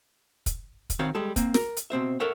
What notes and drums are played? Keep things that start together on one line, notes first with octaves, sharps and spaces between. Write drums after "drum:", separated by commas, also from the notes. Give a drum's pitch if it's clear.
drum: kick, hi-hat
drum: kick, hi-hat
D#3 C4 F#4 C#5 F5
G3 G#3 A4
A#3 C4, drum: kick, hi-hat
A#4, drum: snare
drum: hi-hat
B2 C4 C5 E5
A4 A#4 C#5 E5 F#5